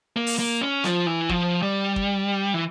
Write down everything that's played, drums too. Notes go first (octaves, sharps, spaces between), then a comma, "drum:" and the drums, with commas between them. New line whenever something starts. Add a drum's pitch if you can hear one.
A#3
drum: open hi-hat
A#3
C#4
F3, drum: snare
E3
F3, drum: kick
G3
drum: kick
E3